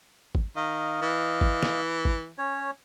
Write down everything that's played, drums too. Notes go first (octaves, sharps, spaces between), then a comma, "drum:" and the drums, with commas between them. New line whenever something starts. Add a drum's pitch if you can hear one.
drum: kick G#1
D#3 D#5 F5
E3
drum: kick G#1
drum: snare
drum: kick G#1
C#4 C#5